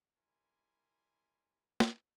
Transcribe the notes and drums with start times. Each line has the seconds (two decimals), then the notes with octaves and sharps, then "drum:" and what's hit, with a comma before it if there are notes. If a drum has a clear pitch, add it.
0.18 G3 E4 A#4 G#5 C6
1.80 drum: snare